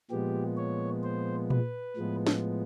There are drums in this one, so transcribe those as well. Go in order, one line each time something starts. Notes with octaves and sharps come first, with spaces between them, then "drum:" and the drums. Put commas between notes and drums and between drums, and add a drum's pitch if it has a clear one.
A#2 F3 G#3 B3 G4
C#5
C5
B4, drum: tom A#2
A2 F3 G#3 B3
drum: snare